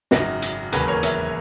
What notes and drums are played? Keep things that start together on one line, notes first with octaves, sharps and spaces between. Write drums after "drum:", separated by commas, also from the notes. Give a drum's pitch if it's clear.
G#1 F#2 C#3 D#4 F#4, drum: snare
drum: hi-hat
E1 D#2 C#3 F#3 A#3 G#4 B4, drum: hi-hat
A#4 C#5
C#5 E5, drum: hi-hat